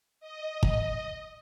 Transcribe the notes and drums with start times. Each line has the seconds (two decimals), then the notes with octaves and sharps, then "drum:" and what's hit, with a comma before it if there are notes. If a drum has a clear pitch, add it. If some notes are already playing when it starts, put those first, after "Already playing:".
0.20 D#5
0.63 drum: kick